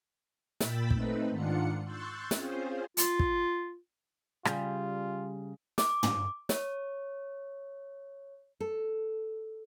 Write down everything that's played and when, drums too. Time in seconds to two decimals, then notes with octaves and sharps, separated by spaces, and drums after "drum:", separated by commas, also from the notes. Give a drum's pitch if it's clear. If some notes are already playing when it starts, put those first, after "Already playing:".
0.60 A#2 G5 B5 E6 A6 B6, drum: snare
0.91 A3 C4 D#4 B4, drum: kick
1.30 G#2 D#3 D4 F4 F#5 C#7
1.85 C6 C#6 E6 F#6 G6 A6
2.31 C4 C#4 F4 G#4 C5, drum: snare
2.97 F4, drum: hi-hat
3.20 drum: kick
4.45 C#3 G3 F4, drum: rim click
5.78 D6, drum: snare
6.03 drum: tom
6.49 C#5, drum: snare
8.60 A4